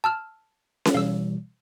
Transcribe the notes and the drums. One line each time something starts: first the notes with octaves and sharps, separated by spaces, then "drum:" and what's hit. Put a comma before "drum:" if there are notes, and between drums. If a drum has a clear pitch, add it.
A5 E6 F6
drum: snare C#4
B2 E3 G3 F5 E6